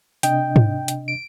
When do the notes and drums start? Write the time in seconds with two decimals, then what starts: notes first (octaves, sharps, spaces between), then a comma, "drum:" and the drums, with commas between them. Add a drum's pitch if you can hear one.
0.23 C3 D4 D#5 G5, drum: hi-hat
0.56 drum: tom G#2
0.88 drum: hi-hat
1.08 D7